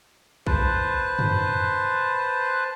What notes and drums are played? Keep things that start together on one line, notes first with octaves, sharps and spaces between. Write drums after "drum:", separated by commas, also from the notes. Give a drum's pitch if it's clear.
B4 C5 A5, drum: kick A#1
drum: tom